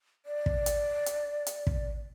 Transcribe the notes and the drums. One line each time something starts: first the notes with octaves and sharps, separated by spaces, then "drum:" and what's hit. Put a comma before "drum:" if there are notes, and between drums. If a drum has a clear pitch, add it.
D5
drum: kick
drum: hi-hat
drum: hi-hat
drum: hi-hat
drum: kick